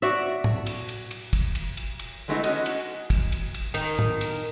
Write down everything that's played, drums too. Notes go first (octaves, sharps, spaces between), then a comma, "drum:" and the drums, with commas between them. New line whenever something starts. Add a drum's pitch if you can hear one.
F#4 D5 E5
drum: tom A2
drum: cymbal
drum: cymbal
drum: cymbal
drum: kick, cymbal
drum: cymbal
drum: cymbal
drum: cymbal
F#3 G#3 A3 B3 D#4 E4
C#4 F#4 D#5, drum: cymbal
drum: cymbal
drum: kick, cymbal
drum: cymbal
drum: cymbal
D#3, drum: cymbal
drum: tom A2
drum: cymbal